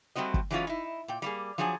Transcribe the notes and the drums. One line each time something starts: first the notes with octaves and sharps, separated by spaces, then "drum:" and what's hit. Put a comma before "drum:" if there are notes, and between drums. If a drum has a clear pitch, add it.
G3 A3 C4 F#4 D#5
drum: kick
E3 F#3 G#3 B3 C#4 F4
D#4 E4
A#2 G5
G3 A#3 G#4
F3 F#3 D4 G#4 G#5